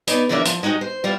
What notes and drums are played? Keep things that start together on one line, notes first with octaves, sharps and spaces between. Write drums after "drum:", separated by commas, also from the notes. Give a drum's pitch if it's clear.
B3 D#4 G#4 D5, drum: hi-hat
C#3 E3 F3 A#3 D4 E5
F3, drum: hi-hat
G#3 D#4 F#4 G4
C5
G3 E4 F4